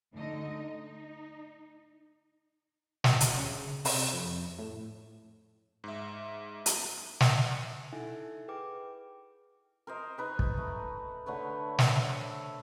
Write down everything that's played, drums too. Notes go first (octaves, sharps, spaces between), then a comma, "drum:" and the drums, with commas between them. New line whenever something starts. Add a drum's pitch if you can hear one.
D2 D3 A3 D#4 D#5
D#4
F#2, drum: snare
D1, drum: hi-hat
C#3
C3, drum: open hi-hat
F2
A2
G#2 E5
drum: hi-hat
drum: snare
D#4 E4 A4 E5 F#5 G#5
G#4 B4 G5 D6
A#4 C5 D#5
D#4 B4 C#6
drum: kick
A3
D3 A3 B4 C#5
C5 E5, drum: snare